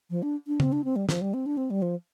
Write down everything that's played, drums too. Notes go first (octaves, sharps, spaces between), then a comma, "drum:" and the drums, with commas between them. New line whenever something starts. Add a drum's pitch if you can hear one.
F3
D4
D4
C4, drum: tom
D4
C4
G3
F3, drum: snare
G3
C4
D4
C4
G3
F3